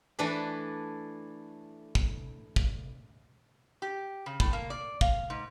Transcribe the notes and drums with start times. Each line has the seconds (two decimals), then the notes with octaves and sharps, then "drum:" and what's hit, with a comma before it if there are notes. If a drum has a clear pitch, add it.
0.19 E3 A3 D4 E4 B4
1.95 drum: kick
2.56 drum: kick
3.82 G4
4.26 C#3
4.40 A2, drum: kick
4.53 A#3
4.70 D5
5.01 F5, drum: kick
5.30 G#2